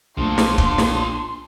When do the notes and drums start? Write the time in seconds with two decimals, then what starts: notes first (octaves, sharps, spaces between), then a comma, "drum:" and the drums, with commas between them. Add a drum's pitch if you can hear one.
0.17 B1 A#2 F3 A3 D4 C6
0.38 drum: snare
0.58 drum: kick
0.78 drum: snare